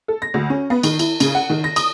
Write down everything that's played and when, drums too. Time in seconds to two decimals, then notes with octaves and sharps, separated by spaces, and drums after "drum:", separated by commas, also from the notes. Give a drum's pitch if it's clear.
0.08 A4
0.22 A#6
0.34 D2
0.50 C#4
0.70 B3
0.83 D#3, drum: cymbal
0.99 E4, drum: cymbal
1.20 C#3, drum: cymbal
1.35 F#5
1.50 D#3
1.64 A#6
1.76 D#6, drum: cymbal